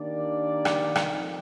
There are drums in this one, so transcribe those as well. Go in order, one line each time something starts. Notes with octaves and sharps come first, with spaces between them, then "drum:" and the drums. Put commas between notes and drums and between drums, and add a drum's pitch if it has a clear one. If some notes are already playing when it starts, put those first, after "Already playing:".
Already playing: D#3 A#3 D4 G4 D5
drum: rim click
drum: rim click
F2 D#3